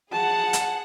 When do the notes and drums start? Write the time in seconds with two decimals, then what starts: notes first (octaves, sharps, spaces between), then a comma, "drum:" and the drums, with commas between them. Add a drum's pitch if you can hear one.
0.13 G#4 F#5 A5
0.53 drum: hi-hat